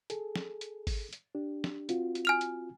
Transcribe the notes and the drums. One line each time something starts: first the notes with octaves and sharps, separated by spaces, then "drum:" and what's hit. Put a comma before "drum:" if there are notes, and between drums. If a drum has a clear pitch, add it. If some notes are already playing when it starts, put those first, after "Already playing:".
G#4 A4, drum: hi-hat
drum: snare
drum: hi-hat
drum: kick G#1, open hi-hat
drum: hi-hat
D4 G4
drum: snare
C4 F4 F#4, drum: hi-hat
drum: hi-hat
G#5 F6 F7
drum: hi-hat